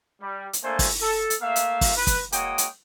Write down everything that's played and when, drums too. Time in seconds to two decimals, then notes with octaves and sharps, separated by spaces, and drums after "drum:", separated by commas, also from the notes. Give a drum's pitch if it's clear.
0.21 G3
0.53 drum: hi-hat
0.64 A3 A#3 D4 A4 C5 G#5
0.79 drum: kick, open hi-hat
1.01 A4
1.30 drum: hi-hat
1.42 A3 A#3 E5 F5
1.56 drum: hi-hat
1.81 drum: kick, open hi-hat
1.97 B4
2.07 drum: kick, hi-hat
2.32 G#3 A#3 F#4 C#5 G5 D#6, drum: hi-hat
2.58 drum: hi-hat